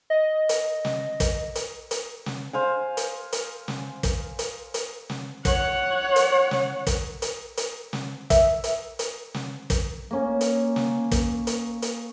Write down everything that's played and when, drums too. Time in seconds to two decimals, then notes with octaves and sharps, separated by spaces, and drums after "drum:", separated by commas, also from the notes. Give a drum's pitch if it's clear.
0.10 D#5
0.49 drum: hi-hat
0.85 drum: snare
1.20 drum: kick, hi-hat
1.55 drum: hi-hat
1.91 drum: hi-hat
2.26 drum: snare
2.53 C5 F5 G#5
2.97 drum: hi-hat
3.32 drum: hi-hat
3.68 drum: snare
4.03 drum: kick, hi-hat
4.39 drum: hi-hat
4.74 drum: hi-hat
5.10 drum: snare
5.45 C#5 F#5, drum: kick, hi-hat
6.16 drum: hi-hat
6.51 drum: snare
6.87 drum: kick, hi-hat
7.22 drum: hi-hat
7.57 drum: hi-hat
7.93 drum: snare
8.30 E5, drum: kick, hi-hat
8.64 drum: hi-hat
8.99 drum: hi-hat
9.34 drum: snare
9.70 drum: kick, hi-hat
10.11 A#3 C#4
10.41 drum: hi-hat
10.76 drum: snare
11.12 drum: kick, hi-hat
11.47 drum: hi-hat
11.82 drum: hi-hat